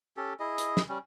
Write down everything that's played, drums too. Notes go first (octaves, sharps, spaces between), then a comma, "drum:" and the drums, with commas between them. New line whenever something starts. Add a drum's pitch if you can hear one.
C#4 G4 A4
E4 G#4 D#5
drum: hi-hat
drum: snare
G3 C#4